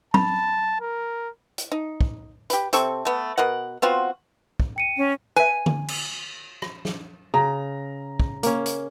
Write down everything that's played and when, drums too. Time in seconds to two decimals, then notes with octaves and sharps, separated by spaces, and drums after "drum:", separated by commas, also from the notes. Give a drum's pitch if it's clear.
0.14 A5 B5, drum: tom
0.81 A#4
1.58 drum: hi-hat
1.72 D#4
2.01 drum: kick
2.50 G4 B4, drum: hi-hat
2.73 C3 C4 A4 C#6, drum: hi-hat
3.05 A3 B3
3.38 B2 A#4 D#5 F#5
3.82 B3 C4 F4 F#4
4.60 drum: kick
4.76 G5 C#7 D#7
4.97 C#4
5.36 B4 E5 G#5
5.66 drum: tom D3
5.88 drum: cymbal
6.62 drum: rim click
6.85 drum: snare
7.34 C#3 A#5
8.20 drum: kick
8.43 A#3 C#4, drum: hi-hat
8.66 drum: hi-hat